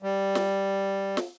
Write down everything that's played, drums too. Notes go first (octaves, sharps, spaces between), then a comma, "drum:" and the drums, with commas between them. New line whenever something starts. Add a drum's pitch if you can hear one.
G3
drum: snare
drum: snare